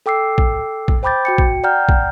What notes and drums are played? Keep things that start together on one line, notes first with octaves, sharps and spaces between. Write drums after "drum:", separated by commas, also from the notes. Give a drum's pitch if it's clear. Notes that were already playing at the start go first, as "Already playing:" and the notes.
A4 G5 D6 E6 C7
drum: kick
drum: kick
C5 G5 B5 D6 G6 A6
F#4 G5 C#7
drum: kick
D5 F#5 G5 A#5 F6 G6
drum: kick